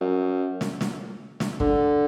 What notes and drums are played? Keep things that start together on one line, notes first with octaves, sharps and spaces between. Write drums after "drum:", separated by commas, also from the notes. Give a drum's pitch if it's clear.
F#2
drum: snare
drum: snare
drum: snare
D3, drum: kick